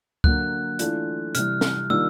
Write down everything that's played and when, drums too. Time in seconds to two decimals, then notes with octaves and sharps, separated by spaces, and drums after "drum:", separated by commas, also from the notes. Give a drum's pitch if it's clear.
0.24 D3 F#3 A#3 F#6, drum: kick C#2
0.79 E3 A3 D4 F4, drum: hi-hat
1.35 C3 E3 G3 F6, drum: hi-hat
1.61 drum: snare
1.90 D#3 G3 A#3 D4 F4 E6